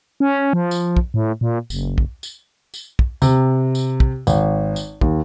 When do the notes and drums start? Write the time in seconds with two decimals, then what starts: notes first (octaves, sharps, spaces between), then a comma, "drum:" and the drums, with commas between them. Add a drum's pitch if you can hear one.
0.20 C#4
0.53 F3
0.71 drum: tambourine
0.97 drum: kick
1.14 A2
1.41 A#2
1.70 F#1, drum: tambourine
1.98 drum: kick
2.23 drum: tambourine
2.74 drum: tambourine
2.99 drum: kick
3.22 C3, drum: tambourine
3.75 drum: tambourine
4.00 drum: kick
4.27 G#1, drum: tambourine
4.76 drum: tambourine
5.01 D#2, drum: kick